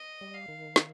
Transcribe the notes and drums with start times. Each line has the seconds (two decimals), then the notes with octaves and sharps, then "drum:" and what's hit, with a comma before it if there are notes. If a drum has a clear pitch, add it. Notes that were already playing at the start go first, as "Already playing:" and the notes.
Already playing: D#5
0.21 G3
0.34 F5
0.48 D#3
0.76 drum: snare